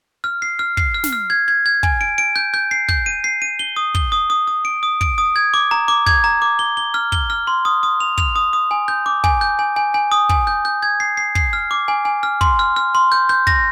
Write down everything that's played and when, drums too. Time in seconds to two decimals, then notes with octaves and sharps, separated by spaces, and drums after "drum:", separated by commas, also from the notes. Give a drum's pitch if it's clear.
0.24 F6
0.42 C7
0.59 F6
0.77 C7, drum: kick
0.94 F6
1.04 drum: snare
1.13 F6
1.30 G#6
1.48 G#6
1.66 G#6
1.83 G#5, drum: kick
2.01 D7
2.18 D7
2.36 G6
2.54 G6
2.71 C7
2.89 G6, drum: kick
3.06 D#7
3.24 C7
3.42 D#7
3.59 G7
3.76 D#6
3.95 G7, drum: kick
4.12 D#6
4.30 D#6
4.47 D#6
4.65 D7
4.83 D#6
5.01 D7, drum: kick
5.18 D#6
5.36 G#6
5.54 D6
5.71 A#5
5.88 D6
6.06 G#6, drum: kick
6.24 A#5
6.42 D6
6.59 G7
6.77 G7
6.94 F6
7.12 G7, drum: kick
7.30 F6
7.47 C6
7.65 D#6
7.83 D#6
8.01 F7
8.18 F7, drum: kick
8.36 D#6
8.53 D#6
8.71 G#5
8.88 G6
9.06 D6
9.24 G#5, drum: kick
9.41 G6
9.59 G#5
9.76 G#5
9.94 G#5
10.12 D#6
10.29 G#5, drum: kick
10.47 G6
10.65 G6
10.83 G#6
11.00 C7
11.17 C7
11.35 C7, drum: kick
11.53 F6
11.71 D6
11.88 G#5
12.05 G#5
12.23 F6
12.41 C6, drum: kick
12.59 F6
12.76 F6
12.95 C6
13.12 G6
13.29 G6
13.47 A#6, drum: kick